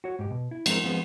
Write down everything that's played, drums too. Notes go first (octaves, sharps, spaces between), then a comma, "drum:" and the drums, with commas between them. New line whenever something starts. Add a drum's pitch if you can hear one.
F#4 C#5
G#2 G4
B2
E4
F3 G#3 C4 E4 A#4, drum: cymbal
F3 G#3 B3 C4